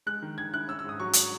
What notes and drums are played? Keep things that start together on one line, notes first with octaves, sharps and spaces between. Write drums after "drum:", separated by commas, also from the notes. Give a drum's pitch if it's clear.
G#3 F#6
D#3
D#3 G#6
E4 F#6
C#4 E6
E6
G#2 D#6
F#3 C#6
drum: hi-hat